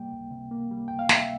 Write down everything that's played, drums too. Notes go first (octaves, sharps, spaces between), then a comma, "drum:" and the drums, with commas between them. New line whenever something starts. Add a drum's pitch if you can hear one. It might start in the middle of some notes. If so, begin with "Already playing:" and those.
Already playing: C3 G3 A#3 G5
C#2
C3
A#3
G3
C#2 G5
F5
C3 E5, drum: snare